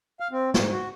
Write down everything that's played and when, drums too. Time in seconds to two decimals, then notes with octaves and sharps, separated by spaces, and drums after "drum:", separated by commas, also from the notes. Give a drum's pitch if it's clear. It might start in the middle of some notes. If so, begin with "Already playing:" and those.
0.20 F5
0.32 C4
0.54 G#2, drum: snare
0.71 F#4